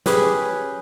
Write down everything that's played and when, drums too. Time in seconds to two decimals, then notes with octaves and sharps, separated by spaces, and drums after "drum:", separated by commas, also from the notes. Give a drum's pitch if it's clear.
0.06 C#4 G4 G#4 B4, drum: snare